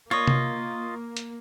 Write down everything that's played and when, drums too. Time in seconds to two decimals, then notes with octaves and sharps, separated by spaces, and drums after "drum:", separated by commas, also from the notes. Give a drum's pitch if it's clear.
0.11 A#3 F4 C#5 D#5
0.27 drum: tom C3
1.17 drum: hi-hat